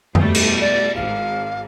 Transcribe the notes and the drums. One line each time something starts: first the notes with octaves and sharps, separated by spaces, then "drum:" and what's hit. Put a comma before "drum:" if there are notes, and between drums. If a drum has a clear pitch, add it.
B2 G3 A3, drum: tom F#2
drum: cymbal
D5
G#1 F5